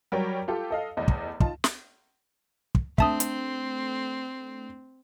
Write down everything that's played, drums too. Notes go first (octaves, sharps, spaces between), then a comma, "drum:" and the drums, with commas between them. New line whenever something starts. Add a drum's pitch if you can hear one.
F#3 G3 A#4 C#5 G5
F4 G4 A4
A4 D#5 F5
F1 E2 D#5
drum: kick
D#4 F4 A5, drum: kick
drum: snare
drum: kick
A3 C4 D4 E5 A5 D#6, drum: kick
drum: hi-hat